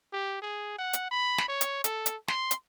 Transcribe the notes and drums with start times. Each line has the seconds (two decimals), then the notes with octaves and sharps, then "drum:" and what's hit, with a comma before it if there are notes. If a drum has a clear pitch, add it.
0.13 G4
0.42 G#4
0.78 F#5
0.93 drum: hi-hat
1.11 B5
1.38 drum: snare
1.48 C#5
1.61 drum: hi-hat
1.84 A4, drum: hi-hat
2.06 drum: hi-hat
2.28 C6, drum: snare
2.51 drum: hi-hat